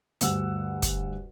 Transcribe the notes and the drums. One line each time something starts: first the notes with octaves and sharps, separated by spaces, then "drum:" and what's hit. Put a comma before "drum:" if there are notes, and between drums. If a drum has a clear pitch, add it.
D2 G2 F#5 E6, drum: hi-hat
drum: kick, hi-hat